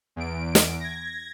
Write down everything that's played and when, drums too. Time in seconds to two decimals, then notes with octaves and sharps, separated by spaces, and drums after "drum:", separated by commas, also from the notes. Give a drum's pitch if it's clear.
0.16 E2 D7
0.55 drum: snare
0.80 G#6 A#6